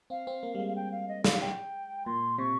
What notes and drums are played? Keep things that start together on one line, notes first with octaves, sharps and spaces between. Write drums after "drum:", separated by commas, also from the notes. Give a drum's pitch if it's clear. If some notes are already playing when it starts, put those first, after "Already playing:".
C4 F5
C4
A#3
G3
G#3
F5
G5
F5
D#5
F5, drum: snare
G5
A#2 C6
C3 C#6